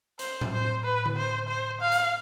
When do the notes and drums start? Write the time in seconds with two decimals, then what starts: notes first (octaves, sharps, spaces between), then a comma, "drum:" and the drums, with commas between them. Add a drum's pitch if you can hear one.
0.19 C5, drum: hi-hat
0.41 drum: tom A2
0.52 C5
0.83 B4
1.06 drum: tom D3
1.16 C5
1.48 C5
1.81 F5
1.92 drum: hi-hat